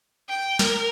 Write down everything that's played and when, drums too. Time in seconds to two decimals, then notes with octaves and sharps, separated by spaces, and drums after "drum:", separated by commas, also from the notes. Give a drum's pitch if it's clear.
0.29 G5
0.59 A#4, drum: snare